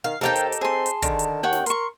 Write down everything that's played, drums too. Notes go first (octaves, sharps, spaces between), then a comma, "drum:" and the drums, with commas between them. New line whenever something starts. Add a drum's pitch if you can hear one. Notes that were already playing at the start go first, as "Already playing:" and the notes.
D#3 F5
D#2 D#4 G4 A4 A#4 C5 F5 G5
drum: hi-hat
drum: hi-hat
C4 G#4 A5 C6
drum: hi-hat
D3 D#3, drum: kick, hi-hat
drum: hi-hat
D#2 C#5 F#5 G5
drum: snare
A#4 C6 C#6, drum: hi-hat